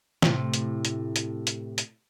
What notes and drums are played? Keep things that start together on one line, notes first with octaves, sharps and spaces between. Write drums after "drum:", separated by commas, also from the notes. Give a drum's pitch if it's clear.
A2 C3, drum: snare
drum: hi-hat
drum: hi-hat
drum: hi-hat
drum: hi-hat
drum: hi-hat